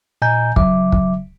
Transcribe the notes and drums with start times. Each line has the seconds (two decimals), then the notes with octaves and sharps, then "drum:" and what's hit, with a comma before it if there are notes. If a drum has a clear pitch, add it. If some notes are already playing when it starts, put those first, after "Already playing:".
0.22 A#2 D#5 G#5 A#5 G6
0.56 C#3 F#3 E5 D6, drum: kick
0.92 drum: kick